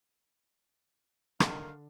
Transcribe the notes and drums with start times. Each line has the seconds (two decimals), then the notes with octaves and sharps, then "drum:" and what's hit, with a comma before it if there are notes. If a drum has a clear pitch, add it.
1.40 D3 D#3 F5, drum: rim click